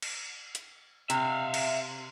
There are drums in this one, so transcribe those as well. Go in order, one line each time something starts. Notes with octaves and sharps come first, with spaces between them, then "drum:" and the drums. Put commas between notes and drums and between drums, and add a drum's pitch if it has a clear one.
drum: cymbal
drum: hi-hat
C3 E5 F5, drum: hi-hat
drum: cymbal